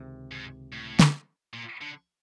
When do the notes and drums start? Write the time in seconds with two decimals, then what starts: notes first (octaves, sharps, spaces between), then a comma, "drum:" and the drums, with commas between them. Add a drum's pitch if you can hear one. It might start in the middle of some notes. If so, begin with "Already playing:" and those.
Already playing: C#2 C3 D#3 G#3
0.32 G#2
0.72 A2
0.99 drum: snare
1.54 A#2
1.81 D3